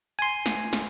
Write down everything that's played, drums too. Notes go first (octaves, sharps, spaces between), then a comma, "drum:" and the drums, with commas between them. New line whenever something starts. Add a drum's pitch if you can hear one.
G#5 C6, drum: hi-hat
drum: snare
drum: snare